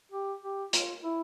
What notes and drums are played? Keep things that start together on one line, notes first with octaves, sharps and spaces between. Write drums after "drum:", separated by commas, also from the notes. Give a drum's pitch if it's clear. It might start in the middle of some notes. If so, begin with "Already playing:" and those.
G4
G4
F4, drum: hi-hat
E4